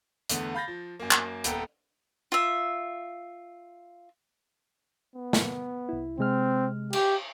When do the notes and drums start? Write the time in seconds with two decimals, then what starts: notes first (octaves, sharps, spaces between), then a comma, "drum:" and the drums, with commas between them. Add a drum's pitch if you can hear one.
0.29 E2 D3 A3 B3, drum: hi-hat
0.55 F5 B5 G6 A6 A#6
0.68 F3
1.00 F#2 A#3
1.11 drum: clap
1.44 D#1 B3 A4 G5 A#5, drum: hi-hat
2.32 F4 E5
5.16 B3
5.33 drum: snare
5.89 C2 E4
6.19 C3 G#3 C4 F6
6.93 G4, drum: cymbal